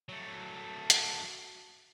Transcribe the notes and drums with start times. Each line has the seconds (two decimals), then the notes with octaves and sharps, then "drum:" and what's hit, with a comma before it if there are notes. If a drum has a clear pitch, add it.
0.09 F#3 A3
0.90 drum: hi-hat